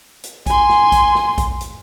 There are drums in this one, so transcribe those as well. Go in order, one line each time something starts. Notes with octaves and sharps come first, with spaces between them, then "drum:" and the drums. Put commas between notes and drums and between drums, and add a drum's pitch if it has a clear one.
drum: hi-hat
G#5 C6, drum: kick A#1, hi-hat
drum: snare
drum: kick A#1, hi-hat
drum: snare
drum: kick A#1, hi-hat
drum: hi-hat